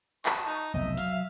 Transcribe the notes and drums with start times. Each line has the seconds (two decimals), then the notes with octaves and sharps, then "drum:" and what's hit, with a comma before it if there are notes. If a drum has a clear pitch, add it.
0.26 F#4 A5 C#6 D#6, drum: clap
0.46 D#4
0.74 F1 B1 E2 D#5 E5
0.97 F#3 F5, drum: hi-hat